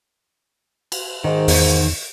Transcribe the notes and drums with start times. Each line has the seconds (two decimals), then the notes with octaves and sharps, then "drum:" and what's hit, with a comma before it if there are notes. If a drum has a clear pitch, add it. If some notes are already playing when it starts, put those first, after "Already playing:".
0.92 drum: cymbal
1.24 G#2 D#3
1.48 E2, drum: open hi-hat